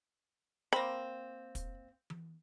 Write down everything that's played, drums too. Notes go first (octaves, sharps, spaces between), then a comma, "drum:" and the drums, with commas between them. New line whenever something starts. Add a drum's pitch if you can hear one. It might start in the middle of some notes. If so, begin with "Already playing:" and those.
A#3 C4 B5
drum: kick, hi-hat
drum: tom E3